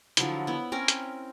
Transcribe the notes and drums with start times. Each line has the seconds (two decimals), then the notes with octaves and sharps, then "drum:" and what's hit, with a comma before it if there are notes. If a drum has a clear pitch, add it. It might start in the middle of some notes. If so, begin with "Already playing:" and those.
0.17 D3 F3 F#3 E4, drum: hi-hat
0.47 B3 E4
0.72 C4 C#4 A#4
0.88 drum: hi-hat